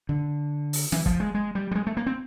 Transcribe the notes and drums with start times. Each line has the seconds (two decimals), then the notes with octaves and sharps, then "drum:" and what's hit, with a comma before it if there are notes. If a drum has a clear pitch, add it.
0.09 D3
0.73 drum: open hi-hat
0.92 E3, drum: snare
1.06 F3, drum: kick
1.20 G#3
1.35 G#3
1.55 G3
1.71 G3
1.75 G#3
1.87 A3
1.97 A#3
2.06 C4